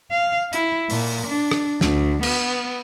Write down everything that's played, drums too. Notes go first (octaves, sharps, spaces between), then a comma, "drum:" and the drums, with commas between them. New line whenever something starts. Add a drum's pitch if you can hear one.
F5
E4, drum: hi-hat
A#2, drum: open hi-hat
D4
drum: rim click
D2, drum: snare
B3, drum: cymbal